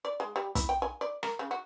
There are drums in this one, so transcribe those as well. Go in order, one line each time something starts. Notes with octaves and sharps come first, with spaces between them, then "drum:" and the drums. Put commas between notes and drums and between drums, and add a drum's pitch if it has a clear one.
D5
G#3
G3
E4, drum: kick, hi-hat
G5
G#5
D5
A#4, drum: rim click
C#3
F#4